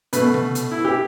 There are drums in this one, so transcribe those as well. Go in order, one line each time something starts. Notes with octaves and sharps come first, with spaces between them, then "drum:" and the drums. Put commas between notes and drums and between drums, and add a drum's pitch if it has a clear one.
B2 A3 B4, drum: hi-hat
drum: tom B2
drum: hi-hat
E4
G4